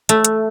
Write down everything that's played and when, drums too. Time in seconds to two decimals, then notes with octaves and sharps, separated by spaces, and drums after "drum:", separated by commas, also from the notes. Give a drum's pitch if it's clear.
0.09 A3, drum: hi-hat
0.25 drum: hi-hat